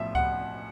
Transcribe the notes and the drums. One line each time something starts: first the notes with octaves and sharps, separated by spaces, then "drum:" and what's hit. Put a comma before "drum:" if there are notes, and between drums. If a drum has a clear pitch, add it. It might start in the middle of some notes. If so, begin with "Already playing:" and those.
Already playing: B1 A2 F3 E5
F#5, drum: kick C#2